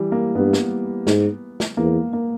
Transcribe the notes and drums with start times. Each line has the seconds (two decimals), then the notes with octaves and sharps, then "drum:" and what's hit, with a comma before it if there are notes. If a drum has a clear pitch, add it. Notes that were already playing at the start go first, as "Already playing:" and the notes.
Already playing: E3 G3
0.12 A#3
0.35 G2 B3
0.53 drum: snare
1.07 G#2, drum: snare
1.60 drum: snare
1.77 E2 A#3
2.13 A#3